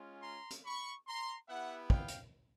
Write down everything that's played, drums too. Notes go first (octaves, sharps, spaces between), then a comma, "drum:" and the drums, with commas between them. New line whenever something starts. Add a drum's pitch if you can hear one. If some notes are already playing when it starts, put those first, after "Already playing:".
Already playing: G#3 C#4 F4
A#5 C6
drum: hi-hat
B5 C#6
A#5 C6
B3 E4 G4 E5 F#5
F5 G5, drum: kick
drum: hi-hat